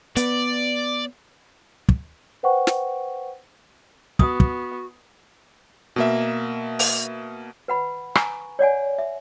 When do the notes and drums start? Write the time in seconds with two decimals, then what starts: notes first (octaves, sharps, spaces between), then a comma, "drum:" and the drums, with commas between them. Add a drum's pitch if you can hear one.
0.17 B3 D5, drum: hi-hat
1.89 drum: kick
2.43 B4 C5 F#5 G5 C#6
2.67 drum: snare
4.19 B3 F#4 D#6, drum: kick
4.40 drum: kick
5.96 B2 A#3 E5
6.79 drum: open hi-hat
7.68 B4 F#5 B5
8.15 G#5 A#5 C#6, drum: rim click
8.59 C#5 D5 F#5 G#5
8.98 E5